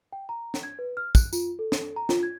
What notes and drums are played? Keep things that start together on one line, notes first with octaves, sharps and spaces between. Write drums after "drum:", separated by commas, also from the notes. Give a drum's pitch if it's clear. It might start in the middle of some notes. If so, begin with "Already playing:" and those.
G5
A#5
drum: snare
G#6
B4
F6
F#6, drum: kick, tambourine
F4, drum: tambourine
A4
drum: snare
A#5
F4, drum: snare
G#6